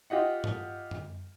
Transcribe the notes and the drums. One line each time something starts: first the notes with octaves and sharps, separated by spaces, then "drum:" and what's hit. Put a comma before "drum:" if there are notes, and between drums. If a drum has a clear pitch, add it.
F4 G4 D#5 F#5
drum: tom G2
drum: tom F#2